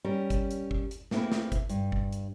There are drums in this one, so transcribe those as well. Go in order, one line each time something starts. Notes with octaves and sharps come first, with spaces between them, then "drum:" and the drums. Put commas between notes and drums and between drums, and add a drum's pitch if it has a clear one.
G3 C#4 A#4
drum: kick G1, hi-hat
drum: hi-hat
drum: kick G1
drum: hi-hat
A3 A#3 C4 E4 G#4 B4, drum: snare
drum: snare
drum: kick G1, hi-hat
G2, drum: hi-hat
drum: kick G1
drum: hi-hat